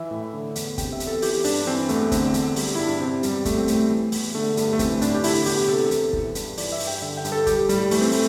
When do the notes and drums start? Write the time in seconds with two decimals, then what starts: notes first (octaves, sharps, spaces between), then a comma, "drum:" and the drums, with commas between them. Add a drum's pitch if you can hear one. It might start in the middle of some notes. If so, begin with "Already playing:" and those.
Already playing: E3 E5
0.11 A2
0.33 D3
0.56 E2, drum: hi-hat
0.78 C3 G5, drum: kick, hi-hat
0.92 E5
1.00 E2, drum: hi-hat
1.07 A4
1.22 E3 G4, drum: open hi-hat
1.44 G2 D4, drum: open hi-hat
1.67 E3 C4
1.89 E2 A3, drum: hi-hat
2.12 D3 C4, drum: kick, hi-hat
2.34 E2, drum: hi-hat
2.56 G3, drum: open hi-hat
2.75 G2 E4
2.88 D4
3.01 C3 C4
3.23 E2 G3, drum: hi-hat
3.45 G3 A3, drum: kick, hi-hat
3.58 C4
3.68 A2 A3, drum: hi-hat
3.90 E3
4.12 E2, drum: open hi-hat
4.35 D3 A3
4.57 G2, drum: hi-hat
4.73 A3
4.79 E3 C4, drum: kick, hi-hat
5.02 A2 D4, drum: hi-hat
5.15 G4
5.24 D3 E4, drum: open hi-hat
5.46 E2 G4, drum: open hi-hat
5.68 C3 A4
5.91 E2, drum: hi-hat
6.13 E3, drum: kick
6.35 G2, drum: hi-hat
6.58 E3 D5, drum: open hi-hat
6.72 E5
6.80 G2, drum: open hi-hat
6.87 G5
7.02 D3 E5
7.17 G5
7.25 G2, drum: hi-hat
7.32 A4
7.46 G3 G4, drum: kick, hi-hat
7.69 A2 G3, drum: hi-hat
7.91 E3 A3, drum: open hi-hat
8.01 C4
8.12 A3, drum: open hi-hat